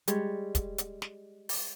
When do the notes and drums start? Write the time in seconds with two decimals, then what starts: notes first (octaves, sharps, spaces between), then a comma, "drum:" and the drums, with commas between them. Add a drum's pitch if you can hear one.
0.08 G3 G#3 C#5, drum: hi-hat
0.55 drum: kick, hi-hat
0.78 drum: hi-hat
1.02 drum: snare
1.49 drum: open hi-hat